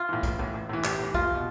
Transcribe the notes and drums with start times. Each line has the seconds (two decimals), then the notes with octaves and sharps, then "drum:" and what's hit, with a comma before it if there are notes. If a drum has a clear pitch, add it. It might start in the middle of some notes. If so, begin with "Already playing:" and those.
Already playing: F4
0.09 A2 E3
0.23 A1, drum: kick, hi-hat
0.39 A2 E3
0.54 A1
0.69 A2 E3
0.84 A1 G4, drum: clap
0.99 A2 E3
1.14 F1 F4, drum: kick
1.34 B2